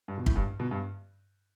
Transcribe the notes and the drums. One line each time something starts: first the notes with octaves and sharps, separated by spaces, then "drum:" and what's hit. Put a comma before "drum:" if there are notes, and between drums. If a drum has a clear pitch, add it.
G2
B2
A2, drum: kick
G2
B2
G2